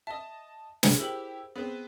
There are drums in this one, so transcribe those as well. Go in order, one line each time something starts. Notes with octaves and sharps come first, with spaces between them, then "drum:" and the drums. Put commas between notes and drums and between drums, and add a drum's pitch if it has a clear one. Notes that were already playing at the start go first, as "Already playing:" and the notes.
D#5 E5 A5 D#6
G#4 D#5, drum: snare
E4 G4 A#4 C5 F#7
B3 C4 G#4